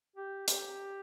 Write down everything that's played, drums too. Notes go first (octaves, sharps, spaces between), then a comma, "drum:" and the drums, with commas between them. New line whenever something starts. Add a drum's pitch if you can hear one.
G4
G4, drum: hi-hat